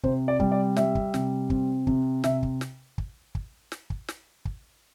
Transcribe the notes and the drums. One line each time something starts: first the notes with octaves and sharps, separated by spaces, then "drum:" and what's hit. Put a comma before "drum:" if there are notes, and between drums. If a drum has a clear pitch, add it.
C3 C5, drum: kick
D5
G3, drum: kick
D5
G3 E5, drum: snare
drum: kick
C3, drum: snare
C4, drum: kick
C3, drum: kick
C3 E5, drum: snare
drum: kick
drum: snare
drum: kick
drum: kick
drum: snare
drum: kick
drum: snare
drum: kick